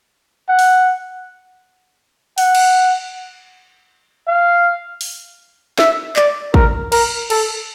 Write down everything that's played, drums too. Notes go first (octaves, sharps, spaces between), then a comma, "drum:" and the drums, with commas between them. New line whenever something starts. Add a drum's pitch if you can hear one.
F#5
drum: open hi-hat
F#5, drum: open hi-hat
drum: cymbal
F5
drum: open hi-hat
E5, drum: snare
D5, drum: clap
A#4, drum: kick
A#4, drum: cymbal
A4, drum: cymbal